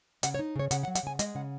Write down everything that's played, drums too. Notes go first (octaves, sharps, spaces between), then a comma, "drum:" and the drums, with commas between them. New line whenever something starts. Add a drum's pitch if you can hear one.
C#3 F#5, drum: hi-hat
C#5
D#4
C#3 C#5
C#3 F#5, drum: hi-hat
F#5
F#3
F#5, drum: hi-hat
C#3 G#5
G#3 D#5, drum: hi-hat
C#3 F#5